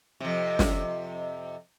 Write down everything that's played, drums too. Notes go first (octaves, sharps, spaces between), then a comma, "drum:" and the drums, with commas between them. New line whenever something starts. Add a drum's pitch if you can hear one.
F2 C3
drum: snare